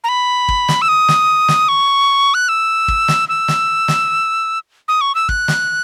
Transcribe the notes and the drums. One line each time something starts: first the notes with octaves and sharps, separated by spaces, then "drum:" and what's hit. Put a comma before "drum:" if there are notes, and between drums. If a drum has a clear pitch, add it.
A#5
B5
drum: kick
drum: snare
E6
D#6
drum: snare
drum: snare
C#6
F#6
E6
drum: kick
drum: snare
E6
drum: snare
drum: snare
D#6
C#6
E6
F#6, drum: kick
drum: snare